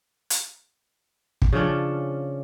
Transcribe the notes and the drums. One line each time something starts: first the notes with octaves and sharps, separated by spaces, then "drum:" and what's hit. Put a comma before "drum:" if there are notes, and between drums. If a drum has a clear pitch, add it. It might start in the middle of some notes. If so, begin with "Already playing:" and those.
drum: hi-hat
drum: kick
C#3 F3 C#4 D4